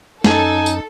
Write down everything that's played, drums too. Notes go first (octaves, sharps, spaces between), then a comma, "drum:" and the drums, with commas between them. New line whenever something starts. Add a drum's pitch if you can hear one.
F#2 C#4 D#4 A4 G#5, drum: snare
drum: tambourine